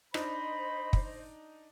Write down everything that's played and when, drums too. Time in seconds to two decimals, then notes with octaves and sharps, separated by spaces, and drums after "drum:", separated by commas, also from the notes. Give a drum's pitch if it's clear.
0.14 D4 D#4 C5 D#5 B5, drum: rim click
0.93 drum: kick